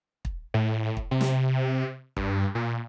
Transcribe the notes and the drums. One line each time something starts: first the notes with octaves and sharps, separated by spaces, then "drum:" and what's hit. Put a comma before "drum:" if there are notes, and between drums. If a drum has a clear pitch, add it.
drum: kick
A2
drum: kick
C3
drum: snare
G2, drum: kick
A#2